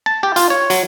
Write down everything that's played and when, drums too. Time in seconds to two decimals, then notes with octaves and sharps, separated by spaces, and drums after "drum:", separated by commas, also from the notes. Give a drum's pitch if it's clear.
0.06 A5
0.23 G4
0.36 F4, drum: hi-hat
0.50 C#5
0.70 F#3, drum: hi-hat